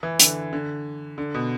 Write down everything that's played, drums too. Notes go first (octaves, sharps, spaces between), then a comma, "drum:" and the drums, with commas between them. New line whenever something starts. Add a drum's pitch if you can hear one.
E3
D3, drum: hi-hat
D3
D3
B2